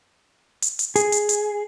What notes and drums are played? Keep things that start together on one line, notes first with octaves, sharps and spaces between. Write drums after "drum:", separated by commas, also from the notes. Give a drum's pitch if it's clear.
drum: hi-hat
drum: hi-hat
G#4, drum: hi-hat
drum: hi-hat
drum: hi-hat